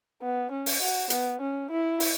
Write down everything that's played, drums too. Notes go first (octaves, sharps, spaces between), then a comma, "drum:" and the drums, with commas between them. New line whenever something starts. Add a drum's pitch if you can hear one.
B3
C#4
drum: open hi-hat
F#4
B3, drum: hi-hat
C#4
E4
drum: open hi-hat